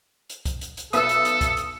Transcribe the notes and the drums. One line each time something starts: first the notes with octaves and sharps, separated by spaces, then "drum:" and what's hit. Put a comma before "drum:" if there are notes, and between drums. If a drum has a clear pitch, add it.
drum: hi-hat
drum: kick C2, hi-hat
drum: hi-hat
drum: hi-hat
B1 A4 B4 E5 D#6 E6, drum: hi-hat
drum: hi-hat
drum: hi-hat
drum: kick C2, hi-hat
drum: hi-hat